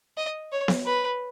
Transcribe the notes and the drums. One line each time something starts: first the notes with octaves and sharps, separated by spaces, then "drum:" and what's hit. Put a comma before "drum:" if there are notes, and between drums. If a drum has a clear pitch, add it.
D#5
C#5
drum: snare B3
B4